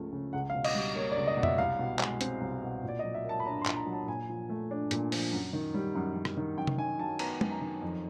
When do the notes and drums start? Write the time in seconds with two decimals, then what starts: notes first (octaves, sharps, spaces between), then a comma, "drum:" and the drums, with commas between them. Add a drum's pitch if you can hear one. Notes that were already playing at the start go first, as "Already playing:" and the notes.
Already playing: C#2 C#3 F3 A3
0.12 C#3
0.33 C#2 F#5
0.50 F5
0.55 B2
0.64 D#5, drum: cymbal
0.75 G3
0.95 A#3 C#5
1.11 D5
1.17 C#2
1.27 D#5
1.37 B2
1.43 E5, drum: tom F2
1.58 C2 F5
1.79 B2
1.99 G#3, drum: clap
2.21 C4, drum: hi-hat
2.41 C2
2.63 B2
2.84 A#2 D5
2.99 D#5
3.04 F#3
3.14 E5
3.24 A#3
3.29 A5
3.40 B5
3.46 D4 A#5
3.61 C6
3.66 A#2, drum: clap
3.76 A#5
3.86 F#3
3.93 A5
4.08 A#2 G#5
4.29 F3
4.49 A3
4.71 D4
4.91 A#2, drum: hi-hat
5.12 F3, drum: open hi-hat
5.32 F#2
5.53 D#3
5.74 G3
5.95 F#2
6.16 F#2
6.25 drum: rim click
6.37 D#3
6.57 F#2 G5
6.67 drum: tom C3
6.78 D#3 G#5
6.99 F#3 A5
7.19 B3 A#5, drum: cymbal
7.41 F#2, drum: tom
7.51 A#5
7.61 D#3
7.82 F2